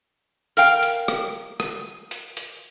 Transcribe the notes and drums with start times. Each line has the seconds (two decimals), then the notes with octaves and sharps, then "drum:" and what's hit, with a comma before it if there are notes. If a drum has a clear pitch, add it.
0.57 A#4 F5 G5, drum: hi-hat
0.83 drum: hi-hat
1.08 drum: rim click
1.60 drum: rim click
2.11 drum: hi-hat
2.37 drum: hi-hat